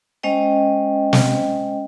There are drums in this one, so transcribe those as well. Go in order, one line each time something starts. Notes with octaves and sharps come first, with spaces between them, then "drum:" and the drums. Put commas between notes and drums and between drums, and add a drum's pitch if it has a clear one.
G#3 C#4 C5 D#5 G5
drum: snare